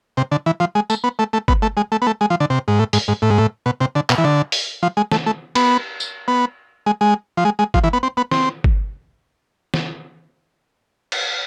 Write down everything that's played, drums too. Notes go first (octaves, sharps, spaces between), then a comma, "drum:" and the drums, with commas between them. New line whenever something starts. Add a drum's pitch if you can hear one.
C3
D3
E3
F3
G#3
A3, drum: tambourine
B3
A3
A3
B3, drum: kick G1
A3
G#3
A3
B3
A3
G#3
F3
D3
C3
G#2
A2
G#2, drum: open hi-hat
G#2
A2
G#2
A2
B2
C3
D3
B2, drum: clap
E3
D3
drum: open hi-hat
F3
G#3
A3, drum: snare
A3
B3, drum: cymbal
drum: tambourine
B3
G#3
G#3
F3
G#3
G#3
F3, drum: kick G1
E3
B3
C4
B3
C4, drum: snare
drum: kick G1
drum: snare
drum: cymbal